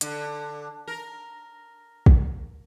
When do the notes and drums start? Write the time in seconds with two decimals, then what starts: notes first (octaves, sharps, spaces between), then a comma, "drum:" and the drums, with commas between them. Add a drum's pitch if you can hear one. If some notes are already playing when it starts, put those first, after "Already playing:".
0.01 D3, drum: hi-hat
0.88 A#4
2.06 drum: kick